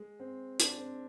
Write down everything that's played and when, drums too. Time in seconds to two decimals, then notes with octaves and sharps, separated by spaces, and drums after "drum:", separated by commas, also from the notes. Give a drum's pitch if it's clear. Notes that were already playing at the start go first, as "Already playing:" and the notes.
Already playing: G#3
0.20 C4
0.60 D4, drum: hi-hat
0.78 C4